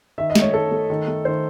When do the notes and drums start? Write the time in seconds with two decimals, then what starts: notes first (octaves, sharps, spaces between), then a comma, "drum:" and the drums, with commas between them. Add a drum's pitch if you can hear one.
0.18 D#3 E5
0.30 D#5
0.35 A3, drum: snare
0.42 C#5
0.53 D#3 A4
0.71 A3
0.90 D#3
1.07 A3
1.25 D#3 C5